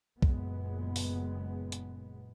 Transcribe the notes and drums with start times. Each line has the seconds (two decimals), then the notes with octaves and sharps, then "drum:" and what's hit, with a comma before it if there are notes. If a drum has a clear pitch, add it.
0.22 F#1 F#2 A#2 G#3 B3, drum: kick B1
0.96 drum: open hi-hat
1.72 drum: hi-hat